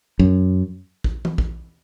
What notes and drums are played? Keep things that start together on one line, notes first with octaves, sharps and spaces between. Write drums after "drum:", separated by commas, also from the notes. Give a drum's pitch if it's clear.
F#2
drum: kick
drum: tom E3
drum: kick